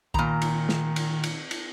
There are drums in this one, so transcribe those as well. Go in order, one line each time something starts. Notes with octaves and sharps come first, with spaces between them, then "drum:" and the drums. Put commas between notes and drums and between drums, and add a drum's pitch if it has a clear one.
A#2 D#3 A#5, drum: kick B1
drum: cymbal
drum: snare
drum: cymbal
drum: cymbal
drum: cymbal